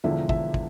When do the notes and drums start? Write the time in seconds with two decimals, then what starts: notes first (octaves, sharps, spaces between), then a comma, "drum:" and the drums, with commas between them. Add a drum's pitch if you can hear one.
0.04 E1 E2 D3 F3 E5
0.29 E5, drum: kick
0.54 drum: kick